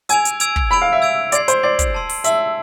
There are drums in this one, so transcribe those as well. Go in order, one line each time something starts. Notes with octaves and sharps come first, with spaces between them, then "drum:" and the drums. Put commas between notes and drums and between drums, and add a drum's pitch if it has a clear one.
G#5 E6 G#6 D7 F7, drum: hi-hat
drum: hi-hat
E6 G#6 D7 F7, drum: hi-hat
drum: kick
B5 E6 G#6 D7 F7
F5
E5
E6 G#6 D7 F7
D5 C6 G#6 C7, drum: hi-hat
C5, drum: hi-hat
D5 C6 G#6 C7
drum: kick, hi-hat
A5 C6 E6
drum: open hi-hat
E5 A5 C6 E6, drum: hi-hat